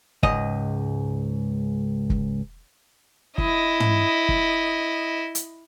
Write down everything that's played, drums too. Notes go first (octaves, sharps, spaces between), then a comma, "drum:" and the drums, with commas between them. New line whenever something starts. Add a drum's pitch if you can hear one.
C#2 G#2 D#5, drum: kick
drum: kick
E4 D#5, drum: kick
drum: tom
drum: kick
drum: hi-hat